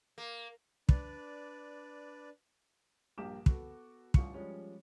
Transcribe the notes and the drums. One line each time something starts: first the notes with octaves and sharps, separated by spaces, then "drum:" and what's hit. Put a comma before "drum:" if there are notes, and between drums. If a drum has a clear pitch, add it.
A#3
D4 B4 D5, drum: kick
A#1 G2 A#3 G4 D6 E7
B3 F#4 A4, drum: kick
A1 G2 F4 C#6 C#7, drum: kick
F3 G3 G#3 C#4